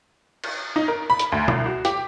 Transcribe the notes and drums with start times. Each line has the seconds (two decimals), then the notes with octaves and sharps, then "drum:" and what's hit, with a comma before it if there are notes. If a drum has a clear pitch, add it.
0.44 drum: cymbal
0.76 D#4
0.88 A#4
1.10 B5
1.19 drum: hi-hat
1.32 D2
1.48 C2, drum: tom B2
1.66 F#4
1.85 G4, drum: hi-hat